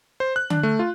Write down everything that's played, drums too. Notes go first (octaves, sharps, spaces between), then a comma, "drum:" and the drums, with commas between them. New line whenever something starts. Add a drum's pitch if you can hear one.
C5
F#6
D4, drum: tom D3
A3
F4